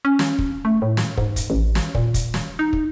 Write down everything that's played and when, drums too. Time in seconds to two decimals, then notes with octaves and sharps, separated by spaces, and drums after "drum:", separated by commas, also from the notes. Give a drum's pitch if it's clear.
0.05 C#4
0.19 drum: snare
0.39 drum: kick
0.65 A3
0.82 A2
0.97 drum: snare
1.18 G#2, drum: kick
1.36 drum: kick, hi-hat
1.50 A1
1.75 drum: snare
1.95 A#2, drum: kick
2.14 drum: kick, hi-hat
2.34 drum: snare
2.59 D#4
2.73 drum: kick